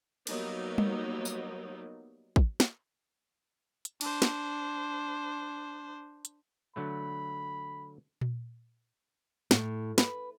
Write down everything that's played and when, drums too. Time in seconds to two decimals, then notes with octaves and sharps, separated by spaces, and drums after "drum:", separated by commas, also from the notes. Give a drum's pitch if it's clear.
0.27 F#3 G3 A#3 B3 D#4, drum: cymbal
0.78 drum: tom G3
1.25 drum: tambourine
2.36 drum: kick
2.60 drum: snare
3.85 drum: hi-hat
4.01 D4 C5, drum: cymbal
4.22 drum: snare
6.25 drum: hi-hat
6.76 D3 F#3 A3 B5
8.21 drum: tom A#2
9.51 A2, drum: snare
9.98 B4, drum: snare